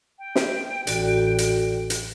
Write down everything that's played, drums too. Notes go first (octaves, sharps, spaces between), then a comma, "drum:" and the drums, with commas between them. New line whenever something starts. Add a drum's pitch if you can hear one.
G5
drum: snare
A1 F#4 A4 D5, drum: hi-hat
drum: hi-hat
drum: hi-hat